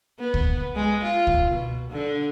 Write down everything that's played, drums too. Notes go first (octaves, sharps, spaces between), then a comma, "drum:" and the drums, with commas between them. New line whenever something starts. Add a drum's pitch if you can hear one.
B3
drum: kick C#2
G#3
F4
drum: kick C#2
B2
D3